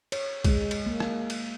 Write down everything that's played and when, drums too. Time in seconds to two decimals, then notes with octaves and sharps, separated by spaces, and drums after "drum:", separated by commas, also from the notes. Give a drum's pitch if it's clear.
0.12 C#5, drum: cymbal
0.44 G#3, drum: kick B1, cymbal
0.71 drum: cymbal
0.86 A#3
1.00 drum: rim click
1.30 drum: cymbal